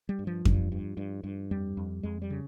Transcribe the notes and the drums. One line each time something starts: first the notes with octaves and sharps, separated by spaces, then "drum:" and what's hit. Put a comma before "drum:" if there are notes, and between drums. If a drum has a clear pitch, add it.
G3
G2
F3
G2, drum: kick F2
G2
G2
G2
F2 G3
F2
F2 G#3
G3
C#3